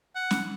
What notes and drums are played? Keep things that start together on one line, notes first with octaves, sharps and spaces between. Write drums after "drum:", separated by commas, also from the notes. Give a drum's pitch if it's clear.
F#5
drum: snare